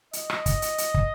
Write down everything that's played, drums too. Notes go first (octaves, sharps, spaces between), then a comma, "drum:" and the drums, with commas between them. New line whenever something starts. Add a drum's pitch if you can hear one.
D#5, drum: hi-hat
drum: rim click
drum: kick, hi-hat
drum: hi-hat
drum: hi-hat
drum: kick